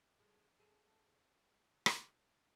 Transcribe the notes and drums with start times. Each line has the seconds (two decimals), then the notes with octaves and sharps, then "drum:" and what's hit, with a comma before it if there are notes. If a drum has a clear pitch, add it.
0.20 G#3 A3
0.60 G#4 A4
1.86 drum: rim click